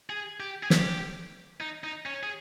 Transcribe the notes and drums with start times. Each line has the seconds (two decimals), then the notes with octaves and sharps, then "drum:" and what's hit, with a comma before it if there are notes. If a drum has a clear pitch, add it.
0.10 G#4
0.40 G4
0.63 G#4
0.70 G4, drum: snare
1.60 D#4
1.84 D#4
2.06 C#4
2.23 G#4